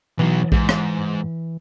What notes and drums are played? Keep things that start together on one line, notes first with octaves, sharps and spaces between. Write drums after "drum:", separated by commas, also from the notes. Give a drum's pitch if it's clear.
B2 E3 F#3
G#2, drum: kick A#1
drum: rim click